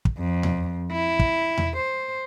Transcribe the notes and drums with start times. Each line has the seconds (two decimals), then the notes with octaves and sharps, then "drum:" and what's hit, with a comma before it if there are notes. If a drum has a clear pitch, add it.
0.05 drum: kick
0.18 F2
0.43 drum: tom E2
0.93 E4
1.19 drum: kick
1.58 drum: tom E2
1.77 C5